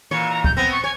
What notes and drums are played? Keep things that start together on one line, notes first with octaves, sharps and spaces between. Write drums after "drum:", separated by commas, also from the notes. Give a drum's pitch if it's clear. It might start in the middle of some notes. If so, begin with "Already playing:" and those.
A#2 E3 C#5 C#7
A#5
G6, drum: kick
B3 C4 A#6
C#6
C#5 G#5